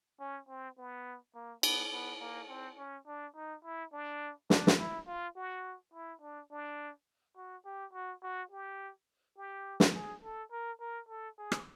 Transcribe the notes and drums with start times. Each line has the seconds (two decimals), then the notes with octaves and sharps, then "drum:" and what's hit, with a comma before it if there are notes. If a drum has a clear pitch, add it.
0.20 C#4
0.49 C4
0.78 B3
1.35 A#3
1.63 B3, drum: cymbal
1.92 B3
2.21 A#3
2.49 C4
2.78 C#4
3.07 D4
3.36 D#4
3.64 E4
3.93 D4
4.50 D4, drum: snare
4.67 drum: snare
4.79 E4
5.08 F4
5.36 F#4
5.94 E4
6.21 D4
6.51 D4
7.37 F#4
7.65 G4
7.93 F#4
8.23 F#4
8.51 G4
9.37 G4
9.80 drum: snare
9.95 G#4
10.23 A4
10.52 A#4
10.80 A#4
11.09 A4
11.38 G#4
11.52 drum: rim click